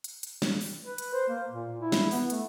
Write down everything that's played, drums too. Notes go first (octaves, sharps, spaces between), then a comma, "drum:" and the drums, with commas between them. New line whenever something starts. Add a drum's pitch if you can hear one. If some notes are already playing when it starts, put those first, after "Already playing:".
drum: hi-hat
drum: hi-hat
drum: snare
drum: open hi-hat
B4
drum: hi-hat
C5
A#3
A#2
E4
drum: snare
B3, drum: open hi-hat
A3, drum: hi-hat